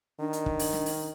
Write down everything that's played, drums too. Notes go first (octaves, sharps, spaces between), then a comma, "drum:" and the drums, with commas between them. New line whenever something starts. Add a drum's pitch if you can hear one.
D#3 D4
drum: hi-hat
drum: kick
drum: open hi-hat
drum: snare
drum: open hi-hat